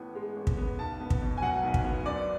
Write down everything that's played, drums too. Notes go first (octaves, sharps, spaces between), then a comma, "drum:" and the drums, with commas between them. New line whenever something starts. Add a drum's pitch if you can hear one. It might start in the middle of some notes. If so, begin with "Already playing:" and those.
Already playing: A1 A2 B3
G#3
A1
drum: kick
B3
B1 A5
B3
drum: kick
B2
G#5
F#3 F#5
B1
drum: kick
B3
F#2 D5